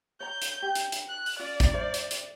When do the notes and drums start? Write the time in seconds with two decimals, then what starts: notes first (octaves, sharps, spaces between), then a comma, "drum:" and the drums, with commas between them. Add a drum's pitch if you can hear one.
0.20 C#5 A#5 G6
0.42 drum: hi-hat
0.62 G4
0.75 drum: hi-hat
0.92 drum: hi-hat
1.09 F#6
1.26 drum: open hi-hat
1.40 C#4 F4 D5
1.60 drum: kick A1, hi-hat
1.74 A#4 C5 E5
1.94 drum: hi-hat
2.11 drum: hi-hat